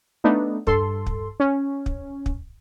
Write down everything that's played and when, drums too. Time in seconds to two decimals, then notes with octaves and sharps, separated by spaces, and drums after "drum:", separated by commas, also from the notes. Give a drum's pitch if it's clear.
0.24 A3 B3 D4 D#4
0.67 G2 A4 C6, drum: kick
1.06 drum: kick
1.40 C#4
1.86 drum: kick
2.26 drum: kick